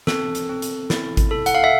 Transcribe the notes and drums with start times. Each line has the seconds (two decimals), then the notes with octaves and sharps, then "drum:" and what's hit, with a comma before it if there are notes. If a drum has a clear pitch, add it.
0.07 C4 A4, drum: snare
0.35 drum: hi-hat
0.49 C4
0.62 drum: hi-hat
0.90 E4, drum: snare
1.17 drum: kick G#1, hi-hat
1.31 A4
1.46 F#5, drum: hi-hat
1.55 F5
1.64 E5